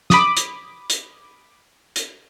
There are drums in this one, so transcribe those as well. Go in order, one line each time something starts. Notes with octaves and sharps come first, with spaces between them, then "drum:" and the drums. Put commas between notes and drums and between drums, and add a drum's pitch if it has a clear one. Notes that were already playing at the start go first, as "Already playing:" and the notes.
B5 D6 D#6, drum: snare
drum: hi-hat
drum: hi-hat
drum: hi-hat